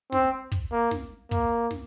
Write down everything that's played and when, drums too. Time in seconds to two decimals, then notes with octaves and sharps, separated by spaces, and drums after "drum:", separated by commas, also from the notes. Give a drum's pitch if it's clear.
0.12 C4, drum: snare
0.52 drum: kick
0.72 A#3
0.91 drum: snare
1.31 A#3, drum: kick
1.71 drum: snare